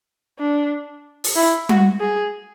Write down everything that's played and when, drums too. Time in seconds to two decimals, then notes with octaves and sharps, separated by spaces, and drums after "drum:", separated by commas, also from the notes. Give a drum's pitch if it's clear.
0.39 D4
1.24 drum: open hi-hat
1.36 E4
1.69 F#4, drum: tom G3
2.00 G#4